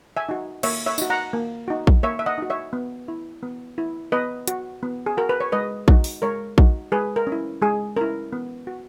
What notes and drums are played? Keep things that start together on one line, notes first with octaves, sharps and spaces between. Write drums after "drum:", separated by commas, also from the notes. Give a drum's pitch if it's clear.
E5 G#5
D#4 F#4
A#3 C#5 E5, drum: cymbal
C#5 E5
D#4 F#4, drum: tambourine
F#5 A#5
A#3
D#4 F#4
drum: kick A#1
A#3 C#5 E5
E5
D#5 F#5
D#4 F#4
C#5 E5
B3
E4
B3
E4
B3 B4 D#5
F#4, drum: hi-hat
B3
G#4
F#4 A#4
B4
C#5
G#3 B4 D#5
D#4 F#4, drum: kick A#1
drum: open hi-hat
G#3 A#4 C#5
D#4 F#4, drum: kick A#1
G#3 G#4 B4
A#4
C#4
E4
G#3 G#4
C#4 E4 A#4
B3
F#4